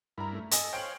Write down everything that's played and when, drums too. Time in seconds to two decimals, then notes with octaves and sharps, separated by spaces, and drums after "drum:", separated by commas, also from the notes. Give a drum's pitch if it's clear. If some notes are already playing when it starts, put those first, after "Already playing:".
0.18 G2 E4 A#4 A#5 B5
0.33 A3
0.51 A4 D#5 G#5, drum: hi-hat
0.73 C5 C#5 F5 G5 D7 F#7